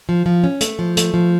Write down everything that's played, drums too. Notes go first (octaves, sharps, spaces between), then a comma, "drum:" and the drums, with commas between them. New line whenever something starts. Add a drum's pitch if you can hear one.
F3
F3
C#4
A3, drum: hi-hat
F3
A3, drum: hi-hat
F3